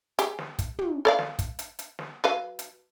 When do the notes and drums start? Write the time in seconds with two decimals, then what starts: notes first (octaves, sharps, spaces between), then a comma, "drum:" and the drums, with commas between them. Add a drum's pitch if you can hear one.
0.19 G4 G#4, drum: hi-hat
0.39 drum: snare
0.59 drum: kick, hi-hat
0.79 drum: tom
1.05 A4 D5 F5
1.19 drum: snare
1.39 drum: kick, hi-hat
1.59 drum: hi-hat
1.79 drum: hi-hat
1.99 drum: snare
2.24 F#3 B4 F5
2.59 drum: hi-hat